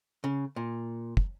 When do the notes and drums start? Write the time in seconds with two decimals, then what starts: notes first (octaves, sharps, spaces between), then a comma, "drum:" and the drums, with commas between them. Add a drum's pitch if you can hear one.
0.24 C#3
0.56 A#2
1.17 drum: kick